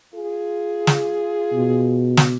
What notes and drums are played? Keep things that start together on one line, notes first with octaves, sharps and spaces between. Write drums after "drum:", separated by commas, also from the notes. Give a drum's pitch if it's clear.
F4 G#4
drum: snare
B2
drum: snare